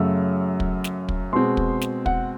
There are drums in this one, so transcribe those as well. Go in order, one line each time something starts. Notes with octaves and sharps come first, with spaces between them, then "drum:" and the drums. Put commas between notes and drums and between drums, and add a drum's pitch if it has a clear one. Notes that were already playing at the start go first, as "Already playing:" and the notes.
Already playing: F#2 C#3 F#3 A3 E6
drum: kick
drum: snare
drum: kick
B2 G#3 C4 C6
drum: kick
drum: snare
F#5, drum: kick